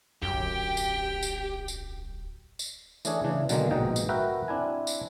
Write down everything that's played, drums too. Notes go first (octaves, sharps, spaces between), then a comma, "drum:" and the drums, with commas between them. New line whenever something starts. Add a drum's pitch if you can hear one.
D1 B1 F#2 G4 G5
drum: tambourine
drum: tambourine
drum: tambourine
drum: tambourine
E3 A3 C#4 D4 G#4, drum: tambourine
C#3 E3 D4
B2 D3 D#3 F#3 G#3 A#3, drum: tambourine
A#1 G#2 B2 D#4 G5
drum: tambourine
F#4 A#4 B4 E5 G5
C4 D4 E4 G#5
drum: tambourine